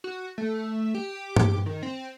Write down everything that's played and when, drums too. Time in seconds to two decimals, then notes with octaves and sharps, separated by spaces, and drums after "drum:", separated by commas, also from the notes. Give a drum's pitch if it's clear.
0.04 F#4
0.38 A3
0.95 G4
1.36 drum: tom G2
1.66 D#3
1.83 C4